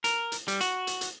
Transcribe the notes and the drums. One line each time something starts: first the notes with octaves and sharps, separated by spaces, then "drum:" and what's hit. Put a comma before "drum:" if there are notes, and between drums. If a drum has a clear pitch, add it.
A#4, drum: hi-hat
drum: hi-hat
G3, drum: hi-hat
F#4, drum: hi-hat
drum: hi-hat
drum: hi-hat